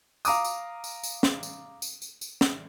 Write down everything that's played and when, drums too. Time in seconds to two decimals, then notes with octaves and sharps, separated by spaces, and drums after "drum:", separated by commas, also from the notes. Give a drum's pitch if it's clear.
0.25 F5 A#5 D6 D#6, drum: tambourine
0.45 drum: tambourine
0.84 drum: tambourine
1.03 drum: tambourine
1.23 drum: snare
1.43 drum: tambourine
1.82 drum: tambourine
2.02 drum: tambourine
2.21 drum: tambourine
2.41 drum: snare